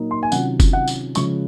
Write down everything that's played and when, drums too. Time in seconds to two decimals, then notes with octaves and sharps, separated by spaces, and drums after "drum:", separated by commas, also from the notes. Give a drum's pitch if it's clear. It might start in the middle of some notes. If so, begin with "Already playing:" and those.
Already playing: A#2 F#3 A#3 D#4
0.11 C6
0.23 G#5
0.32 C3 D#3 F#3 C#4 F4 F#5, drum: tambourine
0.60 drum: kick F#1, tambourine
0.73 F#5
0.88 drum: tambourine
1.15 C#3 F3 G#3 C#6, drum: tambourine